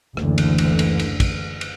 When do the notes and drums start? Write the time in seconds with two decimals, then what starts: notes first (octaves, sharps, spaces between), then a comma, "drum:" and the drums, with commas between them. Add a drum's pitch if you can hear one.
0.17 F#1 D2 D3 E3, drum: rim click
0.38 drum: cymbal
0.58 drum: cymbal
0.79 drum: cymbal
0.99 drum: cymbal
1.20 drum: kick, cymbal
1.61 drum: cymbal